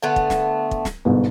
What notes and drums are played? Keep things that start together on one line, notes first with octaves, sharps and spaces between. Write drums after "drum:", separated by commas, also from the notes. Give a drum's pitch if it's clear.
D3 A3 B3
drum: kick
drum: snare
drum: kick
drum: snare
G1 G#2 B2